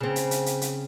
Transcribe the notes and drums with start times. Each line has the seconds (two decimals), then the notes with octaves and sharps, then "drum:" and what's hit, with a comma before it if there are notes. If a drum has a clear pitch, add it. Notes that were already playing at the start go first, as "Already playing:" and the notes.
0.01 C#3 C4
0.16 drum: hi-hat
0.31 drum: hi-hat
0.46 drum: hi-hat
0.61 drum: hi-hat